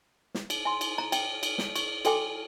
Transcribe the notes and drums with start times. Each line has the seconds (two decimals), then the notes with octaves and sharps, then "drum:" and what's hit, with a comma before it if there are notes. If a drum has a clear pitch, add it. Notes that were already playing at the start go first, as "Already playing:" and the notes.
0.35 drum: snare
0.50 drum: cymbal
0.65 G#5 C6
0.81 drum: cymbal
0.98 A#5
1.12 G5, drum: cymbal
1.43 drum: cymbal
1.58 drum: snare
1.76 C#6, drum: cymbal
2.05 F#4 A4 G5 G#5 D6, drum: cymbal